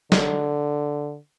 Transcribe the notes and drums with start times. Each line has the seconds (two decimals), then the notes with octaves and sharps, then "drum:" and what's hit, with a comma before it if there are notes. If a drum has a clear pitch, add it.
0.12 D3, drum: snare